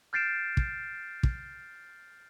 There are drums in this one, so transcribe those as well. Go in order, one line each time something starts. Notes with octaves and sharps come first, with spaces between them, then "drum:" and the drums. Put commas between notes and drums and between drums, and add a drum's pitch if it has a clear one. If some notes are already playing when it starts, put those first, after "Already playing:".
F6 G6 A6 C7 D7 E7
drum: kick
drum: kick